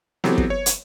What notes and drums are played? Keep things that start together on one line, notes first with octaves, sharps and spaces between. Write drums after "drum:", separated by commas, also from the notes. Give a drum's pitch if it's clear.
E3 F#3 B3 C4 G4 A4, drum: snare B3
drum: kick
C#5
drum: hi-hat